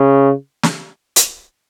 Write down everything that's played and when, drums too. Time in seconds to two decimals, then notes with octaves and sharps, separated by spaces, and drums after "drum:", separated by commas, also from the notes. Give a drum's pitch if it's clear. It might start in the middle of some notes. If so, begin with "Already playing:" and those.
Already playing: C#3
0.63 drum: snare
1.16 drum: hi-hat